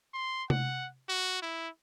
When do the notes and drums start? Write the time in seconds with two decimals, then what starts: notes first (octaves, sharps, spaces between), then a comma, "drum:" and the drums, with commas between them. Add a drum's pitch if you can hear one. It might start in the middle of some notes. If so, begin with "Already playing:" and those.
0.14 C6
0.50 F#5, drum: tom C3
1.09 F#4
1.42 E4